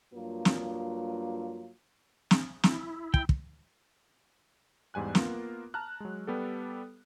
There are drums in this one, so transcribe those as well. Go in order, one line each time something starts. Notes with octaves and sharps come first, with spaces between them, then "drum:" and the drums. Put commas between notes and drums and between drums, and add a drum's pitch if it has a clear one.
G2 F#3 A#3 F4
drum: snare
drum: snare
E4, drum: snare
G5, drum: kick
drum: kick
E2 G#2 G3 G#5 F#6
A#3 B3 F4 A#4, drum: snare
A5 A#5 F6 F#6
F#3 G#3
G3 B3 G4 A4